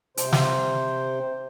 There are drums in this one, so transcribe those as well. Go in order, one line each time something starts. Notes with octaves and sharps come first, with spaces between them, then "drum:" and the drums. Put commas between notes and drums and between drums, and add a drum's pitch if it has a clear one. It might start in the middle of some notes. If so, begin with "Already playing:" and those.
C3 C5, drum: hi-hat
drum: snare